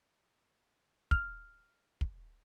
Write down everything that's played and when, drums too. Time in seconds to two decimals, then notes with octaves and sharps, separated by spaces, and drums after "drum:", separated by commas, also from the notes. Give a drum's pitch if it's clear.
1.11 F6, drum: kick
2.01 drum: kick